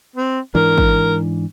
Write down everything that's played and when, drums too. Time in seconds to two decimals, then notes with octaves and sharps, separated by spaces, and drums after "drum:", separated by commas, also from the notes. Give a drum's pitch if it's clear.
0.16 C4
0.55 G#2 E3 D4 A#4
0.78 drum: kick